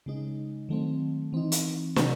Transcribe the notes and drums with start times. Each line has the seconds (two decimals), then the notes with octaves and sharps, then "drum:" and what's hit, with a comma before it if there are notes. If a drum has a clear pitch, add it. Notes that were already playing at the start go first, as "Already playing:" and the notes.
0.06 C#3 G#3 D#4
0.69 D#3 F#3 A3 C4
1.33 E3 C4 D#4
1.52 drum: hi-hat
1.96 C3 F#3, drum: snare